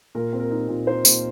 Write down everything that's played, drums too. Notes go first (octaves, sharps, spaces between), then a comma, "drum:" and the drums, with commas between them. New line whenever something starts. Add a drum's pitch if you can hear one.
A#2 A#4
C4
A#4
D#4
A#2
D#4 C5
A#2, drum: tambourine